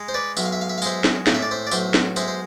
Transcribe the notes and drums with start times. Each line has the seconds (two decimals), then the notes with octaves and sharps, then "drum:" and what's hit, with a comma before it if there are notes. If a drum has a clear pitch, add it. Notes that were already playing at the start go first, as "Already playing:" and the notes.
Already playing: G#3
0.08 C5
0.14 B4 D5
0.37 B1 E5, drum: tambourine
0.45 F5
0.52 E5
0.61 F5
0.69 E5
0.78 F5
0.82 G#3 C5 E5, drum: tambourine
1.04 drum: snare
1.27 A2 F5, drum: snare
1.34 E5
1.42 D5
1.51 C5 E5
1.67 D5
1.71 B1 C5 E5, drum: tambourine
1.94 drum: snare
2.16 G#3 C5 E5, drum: tambourine
2.28 C5